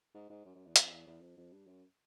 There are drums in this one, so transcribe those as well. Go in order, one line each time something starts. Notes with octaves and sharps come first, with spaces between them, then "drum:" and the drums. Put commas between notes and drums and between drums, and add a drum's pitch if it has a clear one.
G#2
G#2
F#2
F#2
E2
F2, drum: hi-hat
E2
E2
F2
F2
G2
F#2